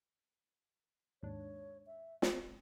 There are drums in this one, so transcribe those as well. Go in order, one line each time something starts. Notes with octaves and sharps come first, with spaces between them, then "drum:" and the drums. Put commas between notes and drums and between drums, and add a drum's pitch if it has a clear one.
D#2 G#2 D4 C#5
E5
drum: snare
C4